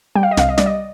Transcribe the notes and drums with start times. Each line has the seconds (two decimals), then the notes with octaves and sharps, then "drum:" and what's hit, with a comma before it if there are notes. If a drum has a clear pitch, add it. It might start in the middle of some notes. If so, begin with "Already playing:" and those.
0.15 G3 G5
0.23 F5
0.31 D#5
0.37 C2 F5, drum: snare
0.49 D#5
0.58 G3 D5, drum: snare
0.66 D#5